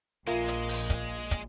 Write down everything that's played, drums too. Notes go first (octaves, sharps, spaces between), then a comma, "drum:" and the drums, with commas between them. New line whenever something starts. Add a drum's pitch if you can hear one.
A#1 A#2 G#3 A#3 F4 E5
drum: hi-hat
drum: open hi-hat
drum: kick, hi-hat
drum: kick, hi-hat